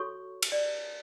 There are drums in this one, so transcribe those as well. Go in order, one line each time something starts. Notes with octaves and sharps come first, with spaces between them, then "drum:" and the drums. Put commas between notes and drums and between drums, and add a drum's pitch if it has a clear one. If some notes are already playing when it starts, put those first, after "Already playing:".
Already playing: F#4 A4 C#5 C#6
drum: cymbal
D5